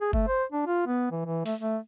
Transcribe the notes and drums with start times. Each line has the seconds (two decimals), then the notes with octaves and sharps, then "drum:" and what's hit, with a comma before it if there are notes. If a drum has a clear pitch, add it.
0.01 G#4
0.13 A3, drum: kick G1
0.28 C5
0.52 D4
0.67 F4
0.87 B3
1.12 E3
1.26 E3
1.46 A3, drum: open hi-hat
1.60 A3